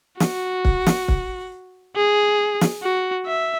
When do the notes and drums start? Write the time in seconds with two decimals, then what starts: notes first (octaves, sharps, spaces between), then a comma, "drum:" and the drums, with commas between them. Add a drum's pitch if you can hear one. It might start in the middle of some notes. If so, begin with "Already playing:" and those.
0.20 F#4, drum: snare
0.65 drum: kick
0.86 drum: snare
1.08 drum: kick
1.96 G#4
2.61 drum: snare
2.83 F#4
3.27 E5